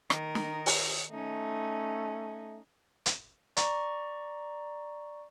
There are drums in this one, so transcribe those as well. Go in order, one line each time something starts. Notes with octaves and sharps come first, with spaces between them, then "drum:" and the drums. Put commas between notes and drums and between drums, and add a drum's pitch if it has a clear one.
D#3 D#4 A#4, drum: rim click
drum: snare
drum: open hi-hat
A3 C#4 D#4
drum: hi-hat
D5 A#5 C#6, drum: hi-hat